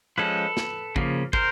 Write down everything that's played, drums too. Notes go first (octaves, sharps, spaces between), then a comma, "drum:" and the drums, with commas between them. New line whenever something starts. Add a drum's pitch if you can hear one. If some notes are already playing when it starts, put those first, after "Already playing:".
F3 G#3 C#4 A4 B4
drum: snare
C#3 F3 A#3, drum: kick
A#4 C5, drum: kick